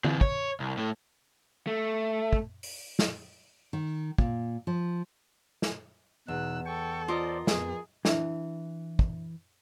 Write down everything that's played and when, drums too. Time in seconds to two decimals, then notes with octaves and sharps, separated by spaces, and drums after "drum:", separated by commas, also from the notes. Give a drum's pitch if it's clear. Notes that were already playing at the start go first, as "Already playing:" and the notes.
0.05 E3 C4, drum: tom
0.21 C#5, drum: kick
0.60 C2
0.77 A2 A3
1.67 A3
2.33 drum: kick
2.63 drum: open hi-hat
2.99 drum: snare
3.73 D#3
4.18 A#2, drum: kick
4.67 F3
5.62 drum: snare
6.28 E2 B2 D#4 E6 F#6
6.66 A4 G5 C#6
7.08 F4 A#4 C5 D5 D#5
7.47 F2 B3 G#4, drum: snare
8.05 E3 D4 E4 E5, drum: snare
8.99 drum: kick